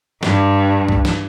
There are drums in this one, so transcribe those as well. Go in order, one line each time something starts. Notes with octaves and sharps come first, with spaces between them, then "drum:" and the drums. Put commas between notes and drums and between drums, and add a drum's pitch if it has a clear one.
G2, drum: snare
drum: kick
drum: snare